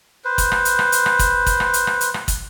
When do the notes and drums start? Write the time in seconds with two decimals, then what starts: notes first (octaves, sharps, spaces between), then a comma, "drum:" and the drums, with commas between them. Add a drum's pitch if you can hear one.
0.24 B4 C5
0.38 drum: kick, hi-hat
0.52 drum: rim click
0.65 drum: hi-hat
0.79 drum: rim click
0.92 drum: hi-hat
1.06 drum: rim click
1.19 drum: kick, hi-hat
1.46 drum: kick, hi-hat
1.60 drum: rim click
1.74 drum: hi-hat
1.87 drum: rim click
2.01 drum: hi-hat
2.14 drum: rim click
2.28 drum: kick, hi-hat